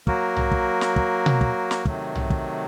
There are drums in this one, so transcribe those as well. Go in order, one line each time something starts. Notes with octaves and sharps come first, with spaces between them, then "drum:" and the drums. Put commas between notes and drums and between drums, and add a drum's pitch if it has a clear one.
F#3 A#3 F#4 A#4, drum: kick
drum: tom
drum: kick
drum: snare
drum: kick
drum: tom B2
drum: kick
drum: snare
C3 D#3 F#3 A3, drum: kick
drum: tom
drum: kick